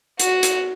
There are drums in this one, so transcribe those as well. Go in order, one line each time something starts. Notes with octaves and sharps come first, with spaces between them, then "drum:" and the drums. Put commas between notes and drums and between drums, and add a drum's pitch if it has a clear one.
F#4, drum: hi-hat
drum: hi-hat